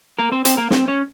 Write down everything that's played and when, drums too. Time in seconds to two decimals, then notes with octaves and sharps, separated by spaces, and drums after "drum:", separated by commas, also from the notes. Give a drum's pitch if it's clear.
0.19 A#3 A#4
0.32 C4 C5
0.45 C4 C5, drum: hi-hat
0.57 A#3 A#4
0.71 C4 C5, drum: snare
0.88 C#4 C#5